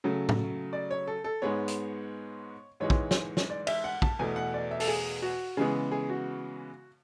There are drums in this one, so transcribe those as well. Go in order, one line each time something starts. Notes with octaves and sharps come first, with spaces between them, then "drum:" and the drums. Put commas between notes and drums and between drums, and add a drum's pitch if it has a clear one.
C#3 F#3 A3
drum: tom A2
D5
C#5
A4
A4
G#2 G#3 B3 C#5
drum: hi-hat
G#2 E3 G#3 C#5
drum: kick
drum: snare
drum: snare
D5
E5, drum: cymbal
F#5
A5, drum: kick
E2 B2 A3 G#5
F#5
D5
E5
A4, drum: open hi-hat
G#4
F#4
C#3 E3 G#3 B3 G#4
G#4
F#4